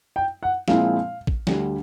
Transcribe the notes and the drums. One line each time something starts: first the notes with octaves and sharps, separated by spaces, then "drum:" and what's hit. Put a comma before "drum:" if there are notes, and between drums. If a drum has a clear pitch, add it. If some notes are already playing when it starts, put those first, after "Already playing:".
G5
F#5
A#2 F3 G#3 C4 E4 F5, drum: snare
drum: kick
D2 D3 G3, drum: snare